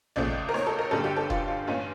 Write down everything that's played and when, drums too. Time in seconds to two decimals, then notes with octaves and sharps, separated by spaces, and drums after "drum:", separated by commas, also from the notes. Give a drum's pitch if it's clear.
0.16 C#2 C#3 F3 A3 D5, drum: tom
0.49 A#4
0.54 C#5, drum: snare D#4
0.66 A4
0.79 A#4
0.91 G1 G2 D3 G3 C#4 A4
1.04 G4
1.17 A4
1.30 F4, drum: kick E1
1.48 F4
1.67 G2 E3 A3 C#4 F4